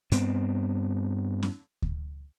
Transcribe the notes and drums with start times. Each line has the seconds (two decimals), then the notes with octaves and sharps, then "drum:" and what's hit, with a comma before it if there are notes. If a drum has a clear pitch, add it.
0.12 G2 B3 C4, drum: hi-hat
1.43 drum: snare C#4
1.82 drum: kick D2